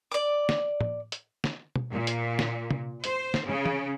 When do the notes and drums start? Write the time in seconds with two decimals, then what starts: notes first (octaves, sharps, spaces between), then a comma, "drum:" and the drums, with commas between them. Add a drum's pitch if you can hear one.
0.12 D5 D6
0.49 drum: snare
0.81 drum: tom
1.12 drum: hi-hat
1.44 drum: snare
1.76 drum: tom
1.91 A#2
2.07 drum: hi-hat
2.39 drum: snare
2.71 drum: tom
3.04 C5, drum: hi-hat
3.34 drum: snare
3.46 C#3
3.66 drum: tom